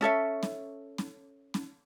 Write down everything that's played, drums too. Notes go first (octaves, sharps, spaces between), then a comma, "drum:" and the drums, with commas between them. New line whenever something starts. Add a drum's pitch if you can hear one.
C#4 A4 C#5 E5
drum: snare C#4
drum: snare C#4
drum: snare C#4